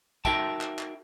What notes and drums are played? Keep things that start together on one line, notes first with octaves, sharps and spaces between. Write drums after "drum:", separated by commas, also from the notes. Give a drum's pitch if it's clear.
D#4 F#4 A#4 E5 G5 A5, drum: kick, tambourine
drum: clap
drum: clap